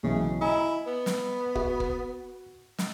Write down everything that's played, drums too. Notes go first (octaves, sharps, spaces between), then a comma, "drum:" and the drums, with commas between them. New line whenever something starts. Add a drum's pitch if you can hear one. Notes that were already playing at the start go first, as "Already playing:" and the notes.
B1 C#3 E3
E4 D#5 G#5 A#5
B3
drum: snare
F#4, drum: kick
drum: kick
drum: snare